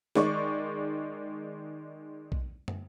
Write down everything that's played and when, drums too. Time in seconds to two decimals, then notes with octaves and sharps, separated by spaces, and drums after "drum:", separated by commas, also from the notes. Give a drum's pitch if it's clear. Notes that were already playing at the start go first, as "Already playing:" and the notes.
0.15 D#3 G#3 D5 C#6, drum: snare
2.32 drum: kick
2.68 drum: tom